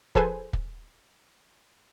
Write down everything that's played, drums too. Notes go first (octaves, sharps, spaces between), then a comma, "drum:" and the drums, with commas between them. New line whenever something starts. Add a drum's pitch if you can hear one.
F3 G#4 A4 B4 C5 G#5, drum: kick
drum: kick